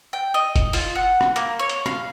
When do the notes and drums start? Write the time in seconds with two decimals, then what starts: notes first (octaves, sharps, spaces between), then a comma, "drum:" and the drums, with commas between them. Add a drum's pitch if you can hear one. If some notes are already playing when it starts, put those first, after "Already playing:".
0.13 G5
0.34 D#5
0.56 drum: kick F#1, hi-hat
0.73 F4, drum: open hi-hat
0.95 F#5
1.21 drum: rim click
1.36 A#3, drum: hi-hat
1.59 C#5
1.69 drum: hi-hat
1.86 F5, drum: rim click